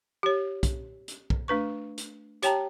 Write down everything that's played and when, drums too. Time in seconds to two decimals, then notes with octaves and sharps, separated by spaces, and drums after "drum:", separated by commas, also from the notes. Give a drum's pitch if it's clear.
0.23 G4 C#5
0.63 drum: kick, hi-hat
1.08 drum: hi-hat
1.30 drum: kick
1.48 A3 D4 B4 C#6
1.98 drum: hi-hat
2.42 G4 C#5 G5 A5 A#5, drum: hi-hat